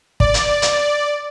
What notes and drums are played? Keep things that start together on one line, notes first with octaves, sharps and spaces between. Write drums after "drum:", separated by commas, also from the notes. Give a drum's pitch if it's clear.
D5, drum: kick
drum: hi-hat
drum: hi-hat